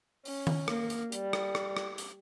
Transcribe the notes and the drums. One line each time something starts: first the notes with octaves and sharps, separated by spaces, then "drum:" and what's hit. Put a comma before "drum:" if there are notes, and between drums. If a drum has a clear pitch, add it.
C#4, drum: open hi-hat
drum: tom D#3
A#3, drum: rim click
drum: hi-hat
G3, drum: hi-hat
drum: rim click
drum: rim click
drum: rim click
drum: hi-hat